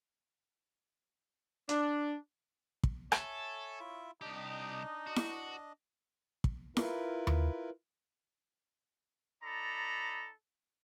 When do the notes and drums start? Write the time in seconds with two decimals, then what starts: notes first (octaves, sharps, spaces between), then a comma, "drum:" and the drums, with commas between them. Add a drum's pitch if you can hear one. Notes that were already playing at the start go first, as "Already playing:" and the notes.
1.69 D4, drum: hi-hat
2.83 drum: kick
3.12 A4 C#5 E5 G#5, drum: rim click
3.80 E4 F4 E5
4.21 C2 D4 D#4 G4 D#5
5.07 F#4
5.16 drum: snare E4
6.44 drum: kick
6.77 E4 F4 A#4 B4, drum: snare E4
7.27 drum: tom D#2
9.43 D#4 A4 D5 A#5 B5